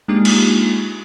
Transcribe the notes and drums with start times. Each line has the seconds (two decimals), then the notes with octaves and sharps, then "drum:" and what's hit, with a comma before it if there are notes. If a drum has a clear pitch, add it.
0.08 G#3 A#3 D4 D#4 F4 G4
0.25 drum: cymbal